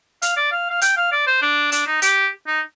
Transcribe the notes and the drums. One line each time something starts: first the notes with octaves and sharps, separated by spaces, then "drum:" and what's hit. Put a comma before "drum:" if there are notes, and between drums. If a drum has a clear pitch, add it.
F5, drum: hi-hat
D5
F5
F5
G5, drum: hi-hat
F5
D5
C5
D4
D4, drum: hi-hat
D#4
G4, drum: hi-hat
D#4